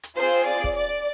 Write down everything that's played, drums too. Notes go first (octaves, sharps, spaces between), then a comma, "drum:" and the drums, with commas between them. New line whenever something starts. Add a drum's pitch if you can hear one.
drum: hi-hat
C4 F4 G#4 C5
D5
drum: kick
D5